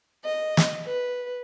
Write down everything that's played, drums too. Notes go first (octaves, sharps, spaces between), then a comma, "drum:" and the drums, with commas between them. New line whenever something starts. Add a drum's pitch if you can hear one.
D#5
drum: snare
B4